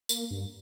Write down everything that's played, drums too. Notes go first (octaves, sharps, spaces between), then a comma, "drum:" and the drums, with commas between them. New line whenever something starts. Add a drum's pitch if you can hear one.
A#3, drum: tambourine
G2